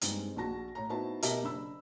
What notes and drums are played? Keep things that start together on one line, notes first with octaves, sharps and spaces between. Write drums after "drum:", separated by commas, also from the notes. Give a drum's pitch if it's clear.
G2 G#3 C4 D#4, drum: hi-hat
A#1 F#4 A5 A#6
A2 C#5 A#5
B3 D#4 E4 F#4 C5 A5
B2 G4 A#4 E5 A5, drum: hi-hat
F#1 D4 B5 E6